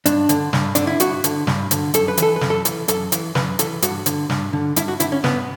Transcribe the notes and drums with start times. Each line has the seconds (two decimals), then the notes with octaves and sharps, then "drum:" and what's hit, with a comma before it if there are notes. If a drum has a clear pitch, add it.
0.06 G2 D4, drum: hi-hat
0.29 D3, drum: hi-hat
0.53 G2, drum: snare
0.75 D3 D4, drum: hi-hat
0.87 E4
1.00 G2 F#4, drum: hi-hat
1.24 D3, drum: hi-hat
1.47 G2, drum: snare
1.71 D3, drum: hi-hat
1.94 F#2 A4, drum: hi-hat
2.08 B4
2.17 E3 A4, drum: hi-hat
2.36 B4
2.41 F#2, drum: snare
2.50 A4
2.65 E3, drum: hi-hat
2.88 F#2 A4, drum: hi-hat
3.12 E3, drum: hi-hat
3.35 F#2 B4, drum: snare
3.59 E3 A4, drum: hi-hat
3.82 G2 F#4, drum: hi-hat
4.06 D3, drum: hi-hat
4.30 G2, drum: snare
4.53 D3
4.76 G2 E4, drum: hi-hat
4.88 F#4
5.00 D3 E4, drum: hi-hat
5.12 C#4
5.24 G2 B3, drum: snare